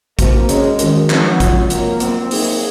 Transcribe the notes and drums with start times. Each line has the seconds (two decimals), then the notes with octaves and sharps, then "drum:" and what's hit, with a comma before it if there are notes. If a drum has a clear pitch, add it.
0.19 A#3 C4 F#4 C5, drum: kick A1, hi-hat
0.49 G#3 C#4 G#4 C#5, drum: hi-hat
0.79 D#3 G#3 C#4 F#4 A#4, drum: hi-hat
1.10 F3 F#3 G#3 C4 D#4, drum: clap
1.40 G#3 C4 F4, drum: kick A1, hi-hat
1.70 A#3 C4 F4 A#4 C#5, drum: hi-hat
2.00 F#3 A#3 C4 F4 A#4, drum: hi-hat
2.31 A#3 D#4 G#4 A#4, drum: open hi-hat